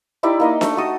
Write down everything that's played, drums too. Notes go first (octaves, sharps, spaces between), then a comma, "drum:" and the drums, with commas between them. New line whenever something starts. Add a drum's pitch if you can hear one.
D#4 E4 G4 D5
A#3 D#4 D#5
A3, drum: snare D4
F#4 A4 D#6